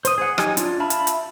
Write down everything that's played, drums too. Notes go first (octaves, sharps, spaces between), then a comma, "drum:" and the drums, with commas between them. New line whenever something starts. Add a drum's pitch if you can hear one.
C5 D#6, drum: hi-hat
G#4 F#5
F#3 D#4 G4 G#5, drum: rim click
D4 F4, drum: hi-hat
E5 F5 A5 B5
drum: hi-hat
drum: hi-hat